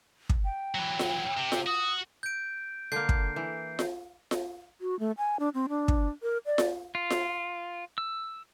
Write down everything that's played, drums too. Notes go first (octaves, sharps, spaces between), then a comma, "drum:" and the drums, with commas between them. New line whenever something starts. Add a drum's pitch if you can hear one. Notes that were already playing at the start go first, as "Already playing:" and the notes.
drum: kick
G5
E3 F#3
drum: snare F4
C3
drum: snare F4
F#4 D#6
G6 D7
D3 A#3 G6 C7
drum: kick
E3
drum: snare F4
drum: snare F4
F#4
A3
G#5
D4
C4
D4
drum: kick
A#4
D5
drum: snare F4
F4
drum: snare F4
E6